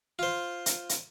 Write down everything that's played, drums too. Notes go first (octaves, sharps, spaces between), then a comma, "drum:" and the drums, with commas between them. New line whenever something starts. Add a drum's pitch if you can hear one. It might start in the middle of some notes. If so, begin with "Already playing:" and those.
F4 C5
drum: hi-hat
drum: hi-hat